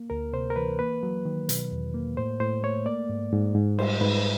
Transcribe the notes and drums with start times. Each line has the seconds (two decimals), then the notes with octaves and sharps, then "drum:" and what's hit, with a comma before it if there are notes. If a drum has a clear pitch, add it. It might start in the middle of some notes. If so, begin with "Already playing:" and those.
Already playing: A#3
0.10 D2 A#4
0.33 C3 C5
0.50 A#4
0.56 E3 B4
0.79 A#3 B4
1.03 F#3
1.25 D#3
1.49 B2, drum: hi-hat
1.72 E2
1.94 A#3
2.17 A2 C5
2.40 A2 C5
2.63 A3 C#5
2.86 A#3 D5
3.09 G#2
3.33 G#2
3.55 G#2
3.79 G3 C5, drum: cymbal
4.01 G#2 B4